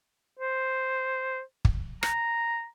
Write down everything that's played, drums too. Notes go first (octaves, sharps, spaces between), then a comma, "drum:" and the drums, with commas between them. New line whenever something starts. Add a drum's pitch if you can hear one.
C5
drum: kick
A#5, drum: rim click